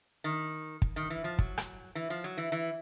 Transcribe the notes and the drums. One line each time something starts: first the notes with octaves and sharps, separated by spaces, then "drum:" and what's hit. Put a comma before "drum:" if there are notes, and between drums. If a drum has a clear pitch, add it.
D#3
drum: kick
D#3
E3
F3
F#3, drum: kick
drum: rim click
E3
F3
F#3
E3
E3